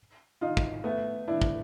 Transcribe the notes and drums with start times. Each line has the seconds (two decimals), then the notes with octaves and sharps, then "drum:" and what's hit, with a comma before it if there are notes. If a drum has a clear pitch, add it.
0.41 D#4 F4
0.57 drum: kick
0.84 A3 B3
1.28 D4 E4
1.42 drum: kick